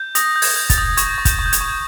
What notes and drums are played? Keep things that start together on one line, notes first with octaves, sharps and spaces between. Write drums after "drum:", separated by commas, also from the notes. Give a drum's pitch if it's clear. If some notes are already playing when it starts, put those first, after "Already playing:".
Already playing: G6
D#6 A#6, drum: hi-hat
G6
G#6, drum: open hi-hat
G6
A6, drum: kick, hi-hat
D#6
C#6 G#6, drum: hi-hat
C#6
G6, drum: kick, hi-hat
C#6
G6
G#6, drum: hi-hat
C#6